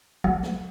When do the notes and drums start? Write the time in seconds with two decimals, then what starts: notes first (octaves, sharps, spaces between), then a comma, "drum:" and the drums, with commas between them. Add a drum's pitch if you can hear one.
0.24 F#3, drum: kick
0.43 drum: snare